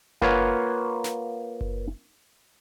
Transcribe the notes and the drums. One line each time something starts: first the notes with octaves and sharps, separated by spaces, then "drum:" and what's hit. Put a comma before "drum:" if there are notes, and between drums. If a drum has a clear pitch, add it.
A#3 F4 B4 C#5 F#5, drum: kick F#1
drum: snare
drum: kick F#1